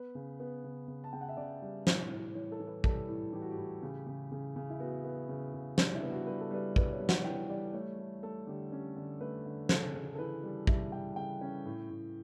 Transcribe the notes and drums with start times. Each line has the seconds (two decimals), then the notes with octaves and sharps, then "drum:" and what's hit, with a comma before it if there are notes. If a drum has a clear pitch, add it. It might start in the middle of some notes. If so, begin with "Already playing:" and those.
Already playing: B3 B4
0.15 C#3
0.40 B3
0.64 C#3
0.88 C#3
1.04 A5
1.13 C#3 G5
1.21 F#5
1.29 E5
1.37 C#3 D5
1.62 G3
1.87 A2, drum: snare
2.11 A2
2.35 E3 C#5
2.52 A4
2.60 E3
2.67 B4
2.84 G3 A4, drum: kick A1
3.08 A2
3.33 E3 G4
3.42 F#4
3.50 G4
3.57 A2
3.82 C#3
4.06 C#3
4.32 C#3
4.56 C#3
4.70 E4
4.80 B3 F#4
5.05 B3
5.29 C#3
5.54 C#3
5.78 G3 D4, drum: snare
5.95 E4
6.03 B3
6.11 F#4
6.27 G3 B4
6.41 A4
6.51 G3 B4
6.76 G3 B4, drum: kick A1
6.92 C#5
7.00 G3
7.09 F#5, drum: snare
7.25 E3 G5
7.49 G3 D5
7.73 A3 C#5
7.99 A3
8.23 A3 A4
8.47 D3 G4
8.72 C#4 G4
8.96 D3
9.21 A3 B4
9.46 D3
9.69 C#3 A4, drum: snare
9.94 C#3
10.15 A4
10.18 E3 B4
10.43 G3
10.67 G3 E5, drum: kick A1
10.92 G3 G5
11.16 C#3 G5
11.41 C#4
11.66 A2
11.90 A2